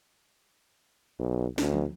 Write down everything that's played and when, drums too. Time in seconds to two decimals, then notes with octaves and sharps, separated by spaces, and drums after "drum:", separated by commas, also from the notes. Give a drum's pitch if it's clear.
1.19 B1
1.58 D2, drum: snare
1.74 drum: tom